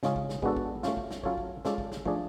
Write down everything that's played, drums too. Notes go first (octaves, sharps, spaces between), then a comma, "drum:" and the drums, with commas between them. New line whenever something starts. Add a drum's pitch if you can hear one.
C#3 G#3 C#4 F4 G#4, drum: snare
drum: kick
drum: snare
G#3 B3 D4 F#4 A4, drum: kick
drum: kick
A3 C#4 F4, drum: snare
drum: kick
drum: snare
F#3 C#4 F4 A4 C#5, drum: kick
drum: kick
G#3 C#4 F4 A4 D5, drum: snare
drum: kick
drum: snare
F3 A3 D4 G#4 D5, drum: kick